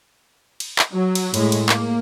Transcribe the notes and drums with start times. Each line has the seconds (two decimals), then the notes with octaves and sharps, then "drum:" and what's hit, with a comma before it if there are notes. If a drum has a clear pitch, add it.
0.60 drum: cymbal
0.79 drum: clap
0.92 F#3
1.15 drum: cymbal
1.34 A2 G#3, drum: cymbal
1.52 drum: cymbal
1.69 A#3, drum: clap